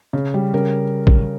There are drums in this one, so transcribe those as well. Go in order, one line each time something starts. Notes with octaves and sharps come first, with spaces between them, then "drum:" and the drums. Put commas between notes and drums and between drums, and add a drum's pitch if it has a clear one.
C#3
G3
C#3 A#4
drum: kick